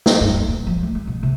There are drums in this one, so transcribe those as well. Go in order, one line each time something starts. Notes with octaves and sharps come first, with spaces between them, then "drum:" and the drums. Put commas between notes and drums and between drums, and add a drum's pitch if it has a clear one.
drum: snare
G2
F2
A#2
F3
A3
G#3
B2
C3